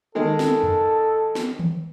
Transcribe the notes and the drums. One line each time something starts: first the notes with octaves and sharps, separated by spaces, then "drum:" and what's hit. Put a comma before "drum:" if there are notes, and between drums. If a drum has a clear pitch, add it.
D#3 G#3 A4
drum: snare
drum: tom F2
drum: snare
drum: tom D#3